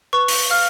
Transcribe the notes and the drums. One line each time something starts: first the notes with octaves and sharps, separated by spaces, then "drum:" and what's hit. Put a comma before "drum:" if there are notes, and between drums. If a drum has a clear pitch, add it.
B4 C#6
drum: open hi-hat
F5 F6